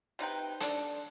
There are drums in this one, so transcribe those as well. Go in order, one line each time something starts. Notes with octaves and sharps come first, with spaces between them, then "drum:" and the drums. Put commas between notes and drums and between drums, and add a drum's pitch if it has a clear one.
C3 D#4 B4 G5
D4 A4, drum: hi-hat